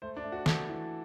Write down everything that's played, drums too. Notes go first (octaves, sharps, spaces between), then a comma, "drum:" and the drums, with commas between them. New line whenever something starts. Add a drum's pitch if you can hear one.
A3 C5
D4
A3
F#4
A3 A4, drum: snare
E3